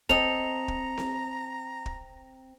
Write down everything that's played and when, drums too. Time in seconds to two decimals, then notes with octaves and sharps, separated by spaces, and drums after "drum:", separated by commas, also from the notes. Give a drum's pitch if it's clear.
0.09 C4 A4 D#5 A#5 F7, drum: kick
0.68 drum: kick
0.98 drum: snare C4
1.86 drum: kick